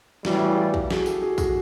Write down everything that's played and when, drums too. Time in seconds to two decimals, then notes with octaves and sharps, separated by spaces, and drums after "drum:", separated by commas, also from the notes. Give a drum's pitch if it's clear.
0.25 A2 E3 G3 E4 F#4, drum: snare
0.36 E4 F#4
0.47 F4 G4
0.74 drum: kick
0.91 F#4 G#4, drum: snare
1.06 G4 A4, drum: tambourine
1.22 F#4 G#4
1.38 F#4 G#4, drum: kick, tambourine